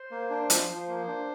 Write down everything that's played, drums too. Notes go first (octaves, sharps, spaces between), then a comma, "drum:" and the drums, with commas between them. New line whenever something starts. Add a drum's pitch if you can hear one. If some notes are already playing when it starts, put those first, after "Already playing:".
Already playing: C5
A#3
D4
F3, drum: hi-hat
F3
A#3
D4